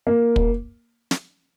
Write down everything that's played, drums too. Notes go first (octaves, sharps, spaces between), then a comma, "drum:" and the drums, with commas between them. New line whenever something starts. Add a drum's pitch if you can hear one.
A#3
drum: kick
drum: snare